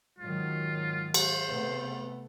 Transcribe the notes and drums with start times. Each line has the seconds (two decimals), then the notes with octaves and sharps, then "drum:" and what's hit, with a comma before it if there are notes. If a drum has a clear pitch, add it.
0.19 G#2 D#3 F#3 F4
1.14 C5, drum: cymbal
1.49 C3 A3 B3